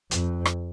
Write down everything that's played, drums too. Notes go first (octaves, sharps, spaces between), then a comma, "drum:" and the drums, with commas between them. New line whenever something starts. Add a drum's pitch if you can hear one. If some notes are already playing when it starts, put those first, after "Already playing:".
F2, drum: hi-hat
drum: rim click